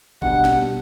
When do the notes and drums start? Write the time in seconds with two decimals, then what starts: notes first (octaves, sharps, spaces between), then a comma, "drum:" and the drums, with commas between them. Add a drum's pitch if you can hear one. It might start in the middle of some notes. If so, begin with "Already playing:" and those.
0.22 B2 G3 D4 G4 F#5, drum: kick
0.45 drum: snare